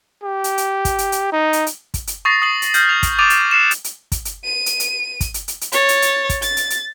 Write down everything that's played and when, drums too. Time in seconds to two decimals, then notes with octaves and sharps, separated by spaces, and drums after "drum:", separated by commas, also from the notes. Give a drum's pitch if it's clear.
0.24 G4
0.44 drum: hi-hat
0.58 drum: hi-hat
0.85 drum: kick, hi-hat
0.98 drum: hi-hat
1.12 drum: hi-hat
1.32 D#4
1.53 drum: hi-hat
1.67 drum: hi-hat
1.94 drum: kick, hi-hat
2.07 drum: hi-hat
2.25 C#6 D#6 A6 A#6 C7
2.42 D#6 C7 F#7
2.62 drum: hi-hat
2.74 F6 G6 F#7, drum: hi-hat
2.89 A#6 F7
3.03 drum: kick, hi-hat
3.19 D6 D#6 A6 D7 D#7 F7
3.30 drum: hi-hat
3.51 F#6 C7 C#7 E7
3.71 drum: hi-hat
3.84 drum: hi-hat
4.12 drum: kick, hi-hat
4.25 drum: hi-hat
4.45 D#7
4.66 drum: hi-hat
4.80 drum: hi-hat
5.21 drum: kick, hi-hat
5.34 drum: hi-hat
5.48 drum: hi-hat
5.61 drum: hi-hat
5.72 C#5 A6, drum: hi-hat
5.89 drum: hi-hat
6.02 drum: hi-hat
6.29 drum: kick, hi-hat
6.42 A6, drum: hi-hat
6.57 drum: hi-hat
6.70 drum: hi-hat